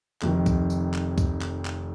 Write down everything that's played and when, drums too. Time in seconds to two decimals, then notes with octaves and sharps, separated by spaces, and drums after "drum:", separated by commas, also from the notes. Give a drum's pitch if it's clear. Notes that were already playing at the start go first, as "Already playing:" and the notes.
0.22 F1 F2 D#3, drum: clap
0.46 drum: kick C#2, tambourine
0.70 drum: tambourine
0.94 drum: clap
1.18 drum: kick C#2, tambourine
1.42 drum: clap
1.65 drum: clap